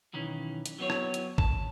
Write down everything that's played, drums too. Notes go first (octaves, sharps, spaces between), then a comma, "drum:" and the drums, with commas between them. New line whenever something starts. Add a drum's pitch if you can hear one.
B1 D#3 E3 C#4
drum: hi-hat
F#3 B3 C4 C#5
drum: rim click
drum: hi-hat
A5, drum: kick